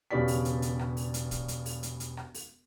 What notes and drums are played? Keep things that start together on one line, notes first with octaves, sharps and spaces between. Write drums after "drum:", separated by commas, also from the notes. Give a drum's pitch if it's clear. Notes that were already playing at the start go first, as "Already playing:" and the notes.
E1 C#3 B3 G4 D5 B6
drum: open hi-hat
drum: hi-hat
drum: hi-hat
drum: rim click
drum: open hi-hat
drum: hi-hat
drum: kick, hi-hat
drum: hi-hat
drum: open hi-hat
drum: hi-hat
drum: hi-hat
drum: rim click
drum: open hi-hat